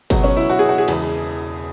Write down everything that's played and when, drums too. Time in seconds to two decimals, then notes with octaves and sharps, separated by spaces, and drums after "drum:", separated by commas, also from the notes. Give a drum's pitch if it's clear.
0.10 C#2 B2 F#3, drum: kick G1, cymbal
0.24 C#4
0.36 E4
0.50 F#4
0.59 G#4
0.69 F#4
0.78 G#4
0.88 E1 E2 C#3 E3, drum: cymbal